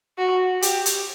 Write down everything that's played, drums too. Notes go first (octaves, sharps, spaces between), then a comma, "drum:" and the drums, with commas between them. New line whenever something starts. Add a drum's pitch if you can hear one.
F#4
G4, drum: hi-hat
drum: hi-hat